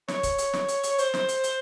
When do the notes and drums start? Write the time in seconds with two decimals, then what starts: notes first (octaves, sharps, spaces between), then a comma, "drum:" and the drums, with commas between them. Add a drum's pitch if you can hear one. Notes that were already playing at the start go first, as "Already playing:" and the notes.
0.08 C#5, drum: snare
0.23 drum: kick, hi-hat
0.38 drum: hi-hat
0.53 drum: snare
0.68 drum: hi-hat
0.84 drum: hi-hat
0.98 C5, drum: hi-hat
1.14 drum: snare
1.29 drum: hi-hat
1.44 drum: hi-hat